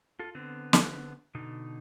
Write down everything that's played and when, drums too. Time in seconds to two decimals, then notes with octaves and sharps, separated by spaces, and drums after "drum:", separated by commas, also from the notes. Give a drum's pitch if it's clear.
0.19 F4 A4
0.35 D3 B3 C4
0.73 drum: snare
1.35 B2 D3 D#4